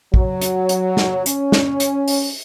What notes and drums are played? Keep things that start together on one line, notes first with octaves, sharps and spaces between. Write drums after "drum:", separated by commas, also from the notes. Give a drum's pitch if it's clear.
F#3, drum: kick
drum: hi-hat
drum: hi-hat
drum: snare
C#4, drum: hi-hat
drum: snare
drum: hi-hat
drum: open hi-hat